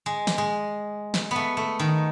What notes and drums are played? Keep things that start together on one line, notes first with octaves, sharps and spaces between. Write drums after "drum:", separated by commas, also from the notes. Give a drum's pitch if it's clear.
G#3
drum: snare
G#3
drum: snare
A3 B3
A3
D#3